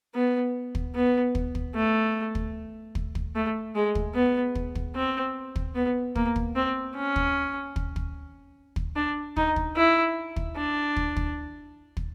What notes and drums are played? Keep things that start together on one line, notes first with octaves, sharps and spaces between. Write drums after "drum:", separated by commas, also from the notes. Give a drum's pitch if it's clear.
B3
drum: kick
B3
drum: kick
drum: kick
A3
drum: kick
drum: kick
drum: kick
A3
G#3
drum: kick
B3
drum: kick
drum: kick
C4
drum: kick
B3
A#3, drum: kick
drum: kick
C4
C#4
drum: kick
drum: kick
drum: kick
drum: kick
D4
D#4, drum: kick
drum: kick
E4
drum: kick
D4
drum: kick
drum: kick
drum: kick